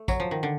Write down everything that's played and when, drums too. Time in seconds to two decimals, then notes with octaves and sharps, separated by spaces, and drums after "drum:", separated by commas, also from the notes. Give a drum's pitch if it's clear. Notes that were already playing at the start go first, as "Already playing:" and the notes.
Already playing: A3
0.08 F#3, drum: kick, tambourine
0.20 F3
0.31 D#3
0.43 D3